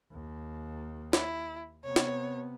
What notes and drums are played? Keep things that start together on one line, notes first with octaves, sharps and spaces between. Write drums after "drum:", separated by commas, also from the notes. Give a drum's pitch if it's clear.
D#2
E4, drum: snare
C3 B3 C#5
drum: snare